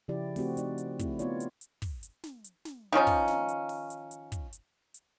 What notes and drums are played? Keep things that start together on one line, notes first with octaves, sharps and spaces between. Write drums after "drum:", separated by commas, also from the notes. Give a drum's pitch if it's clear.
C#3 F3 E4 G4 D5
A3 C4 F#4 G4, drum: open hi-hat
D#4 D5, drum: hi-hat
drum: hi-hat
A3 C4 E4, drum: kick, hi-hat
B3 D#4 F4 C#5 D5, drum: hi-hat
drum: hi-hat
drum: hi-hat
drum: kick, open hi-hat
drum: hi-hat
drum: snare
drum: hi-hat
drum: snare
D#3 F3 C#4 D#4
drum: kick, open hi-hat
drum: snare
drum: hi-hat
drum: open hi-hat
drum: hi-hat
drum: hi-hat
drum: kick, hi-hat
drum: hi-hat
drum: hi-hat